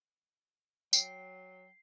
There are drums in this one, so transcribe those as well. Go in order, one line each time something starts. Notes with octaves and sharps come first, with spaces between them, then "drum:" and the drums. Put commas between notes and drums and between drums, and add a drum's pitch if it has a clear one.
F#3 G5 C7, drum: tambourine